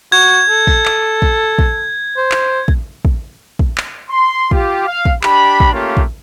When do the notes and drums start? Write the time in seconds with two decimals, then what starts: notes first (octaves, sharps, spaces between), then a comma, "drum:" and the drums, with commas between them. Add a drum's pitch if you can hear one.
0.12 F#4 G#6
0.50 A4
0.67 drum: kick
0.86 drum: clap
1.22 drum: kick
1.59 drum: kick
2.17 C5
2.32 drum: clap
2.68 drum: kick
3.05 drum: kick
3.59 drum: kick
3.78 drum: clap
4.10 C6
4.51 F4 G4, drum: kick
4.87 F5
5.05 drum: kick
5.23 D4 G4 B5, drum: clap
5.60 drum: kick
5.73 A3 A#3 C#4 F4 G4
5.97 drum: kick